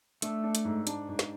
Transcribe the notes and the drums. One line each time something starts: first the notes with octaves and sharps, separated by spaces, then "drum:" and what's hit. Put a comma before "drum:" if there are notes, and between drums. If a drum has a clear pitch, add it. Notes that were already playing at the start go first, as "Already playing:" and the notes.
A3 D4, drum: hi-hat
D4
drum: hi-hat
G#2
D4, drum: hi-hat
G#2
drum: snare